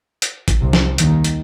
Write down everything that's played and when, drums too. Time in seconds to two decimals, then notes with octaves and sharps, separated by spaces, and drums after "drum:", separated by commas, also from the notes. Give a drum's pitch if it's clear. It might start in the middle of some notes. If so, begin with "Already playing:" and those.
0.22 drum: hi-hat
0.48 drum: kick, hi-hat
0.60 C2 C3
0.73 drum: snare
0.98 D#2 D#3, drum: hi-hat
1.24 drum: hi-hat